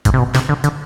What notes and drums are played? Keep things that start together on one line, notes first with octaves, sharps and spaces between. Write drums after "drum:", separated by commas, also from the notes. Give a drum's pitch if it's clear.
G#2, drum: kick G#1, hi-hat
C3
B2
C3, drum: snare
D3
D3, drum: hi-hat